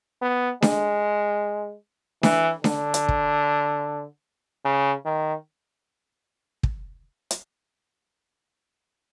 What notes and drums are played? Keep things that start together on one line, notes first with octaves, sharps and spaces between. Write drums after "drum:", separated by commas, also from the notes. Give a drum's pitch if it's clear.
B3
G#3, drum: snare D4
E3, drum: snare D4
D3, drum: snare D4
drum: hi-hat
drum: kick
C#3
D#3
drum: kick
drum: hi-hat